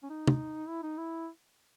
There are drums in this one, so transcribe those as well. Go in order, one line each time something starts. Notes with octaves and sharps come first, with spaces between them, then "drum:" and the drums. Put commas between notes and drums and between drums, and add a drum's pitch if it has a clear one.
C#4
D#4
drum: tom
E4
D#4
E4